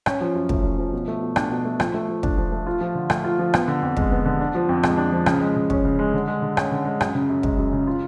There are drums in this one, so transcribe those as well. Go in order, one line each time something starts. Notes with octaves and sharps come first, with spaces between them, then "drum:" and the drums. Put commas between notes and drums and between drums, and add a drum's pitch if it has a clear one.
C#4, drum: rim click
F3
F#2
A3, drum: kick
C#4
F3
B2
A3
B2
D4, drum: rim click
B2
A3
F3, drum: rim click
A3
F3
D4, drum: kick
F3
A3
F4
F3
D3
A3, drum: rim click
F4
F3
B3, drum: rim click
D3
F2
G#3, drum: kick
B3
D3
D4
F3
F2
G#3, drum: rim click
D4
F3
C#3, drum: rim click
G#3
C#3
C#4, drum: kick
C#3
G#3
D3
G#3
D3
C#4, drum: rim click
D3
G#3
F#2, drum: rim click
C#3
F#2
G#3, drum: kick
F#2
C#3
F4